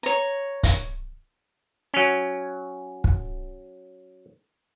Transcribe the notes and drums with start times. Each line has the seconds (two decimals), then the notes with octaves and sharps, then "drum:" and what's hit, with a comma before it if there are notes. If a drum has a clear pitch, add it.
0.03 C#5 A#5
0.63 drum: kick, hi-hat
1.94 F#3 C#4
3.04 drum: kick